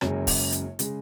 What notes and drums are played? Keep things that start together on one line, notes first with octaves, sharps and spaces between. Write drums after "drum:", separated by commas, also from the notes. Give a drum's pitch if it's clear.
F#1 F#2 C#3 G#3 C#5, drum: rim click
drum: kick, open hi-hat
drum: hi-hat
C#3 G#3, drum: hi-hat